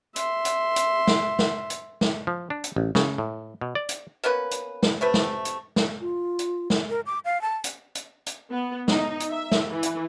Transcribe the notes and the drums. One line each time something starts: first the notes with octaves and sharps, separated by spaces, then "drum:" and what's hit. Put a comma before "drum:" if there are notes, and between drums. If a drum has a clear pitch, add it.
E5 C6, drum: hi-hat
drum: hi-hat
drum: hi-hat
drum: snare
drum: snare
drum: hi-hat
drum: snare
F3
D4
drum: hi-hat
A1
C#3, drum: snare
A2
B2
D5
drum: hi-hat
A#3 B3 C#4 B4
drum: hi-hat
drum: snare
C3 A3 B4
drum: snare
drum: hi-hat
drum: snare
F4
drum: hi-hat
drum: snare
A#4
D6
F5
A5
drum: hi-hat
drum: hi-hat
drum: hi-hat
B3
D#4, drum: snare
drum: hi-hat
E5
drum: snare
E3
drum: hi-hat